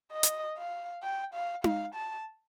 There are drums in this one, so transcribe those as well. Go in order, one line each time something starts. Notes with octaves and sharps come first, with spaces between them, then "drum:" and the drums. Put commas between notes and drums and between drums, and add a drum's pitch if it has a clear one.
D#5
drum: hi-hat
F5
G5
F5
F5, drum: tom D#4
A5